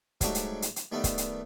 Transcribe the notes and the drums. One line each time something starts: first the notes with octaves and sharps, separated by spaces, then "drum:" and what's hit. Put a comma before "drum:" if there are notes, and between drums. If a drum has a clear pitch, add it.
G#2 F#3 G3 A3 D4 C#6, drum: kick, hi-hat
drum: hi-hat
drum: hi-hat
drum: hi-hat
D#3 G3 A3 B3 D4
drum: kick, hi-hat
drum: hi-hat